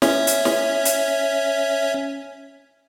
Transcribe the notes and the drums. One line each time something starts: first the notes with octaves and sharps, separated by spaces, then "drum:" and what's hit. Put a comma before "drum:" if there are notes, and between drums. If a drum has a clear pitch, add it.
C#4 C#5 E5, drum: snare
drum: hi-hat
drum: snare
drum: hi-hat